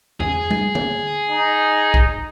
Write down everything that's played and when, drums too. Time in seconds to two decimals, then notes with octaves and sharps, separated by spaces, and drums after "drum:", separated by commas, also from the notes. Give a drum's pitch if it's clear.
0.20 G#4, drum: tom E2
0.51 drum: tom G3
0.75 drum: tom
1.30 D#4
1.94 drum: kick